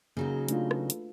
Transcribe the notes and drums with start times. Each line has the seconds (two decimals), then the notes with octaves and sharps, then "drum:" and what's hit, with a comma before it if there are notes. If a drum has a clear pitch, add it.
0.17 C#3 F#3 A#3 D#4 F#4
0.48 A3 D4 F4, drum: hi-hat
0.71 A4 B4, drum: rim click
0.90 drum: hi-hat